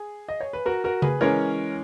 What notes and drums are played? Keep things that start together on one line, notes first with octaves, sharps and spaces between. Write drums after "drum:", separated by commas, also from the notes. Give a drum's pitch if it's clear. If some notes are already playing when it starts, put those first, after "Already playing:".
Already playing: G#4
D#5
C#5
B4
F#4 A#4
F#4 A#4
G#4 B4, drum: tom C#3
E3 G#3 C#4 A#4 C#5